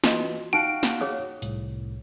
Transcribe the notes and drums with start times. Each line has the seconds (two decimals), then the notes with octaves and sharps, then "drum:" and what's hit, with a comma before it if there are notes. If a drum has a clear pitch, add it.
0.04 E3 F4 F#4 D#5, drum: snare
0.53 D#4 F#4 F5 G5 F#6 D7
0.83 drum: snare
1.01 G#4 C#5 D#6
1.42 C2 A2, drum: hi-hat